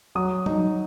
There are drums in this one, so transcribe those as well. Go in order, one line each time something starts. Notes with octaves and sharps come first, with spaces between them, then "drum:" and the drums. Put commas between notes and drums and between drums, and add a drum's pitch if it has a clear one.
F#3 D#6
D#4, drum: tom